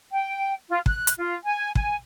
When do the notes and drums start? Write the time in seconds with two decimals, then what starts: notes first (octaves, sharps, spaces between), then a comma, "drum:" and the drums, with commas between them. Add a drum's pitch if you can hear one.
0.12 G5
0.70 F4
0.86 F#6, drum: kick
1.07 drum: hi-hat
1.18 F4
1.45 G#5
1.75 G#5, drum: kick